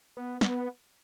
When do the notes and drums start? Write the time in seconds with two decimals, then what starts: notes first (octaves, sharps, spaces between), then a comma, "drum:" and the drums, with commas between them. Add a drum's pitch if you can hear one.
0.17 B3
0.41 B3, drum: snare